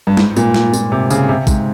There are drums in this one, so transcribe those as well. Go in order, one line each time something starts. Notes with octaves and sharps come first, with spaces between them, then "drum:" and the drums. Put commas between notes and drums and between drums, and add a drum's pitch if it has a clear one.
G2
G#2, drum: snare
A#2, drum: tambourine
drum: snare
A#2, drum: tambourine
C3
C#3, drum: tambourine
C3
G#2, drum: kick, tambourine